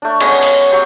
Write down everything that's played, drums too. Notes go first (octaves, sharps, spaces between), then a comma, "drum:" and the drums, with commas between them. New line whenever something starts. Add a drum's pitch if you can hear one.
A3 D4
G#3 B3 C#4, drum: cymbal
D#5, drum: open hi-hat
F#3 G4 C#6